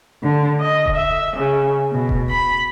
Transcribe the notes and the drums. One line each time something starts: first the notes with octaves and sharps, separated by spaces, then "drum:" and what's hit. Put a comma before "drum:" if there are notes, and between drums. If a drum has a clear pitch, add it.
D3
D#5
drum: kick E1
E5
C#3
B2
drum: kick E1
B5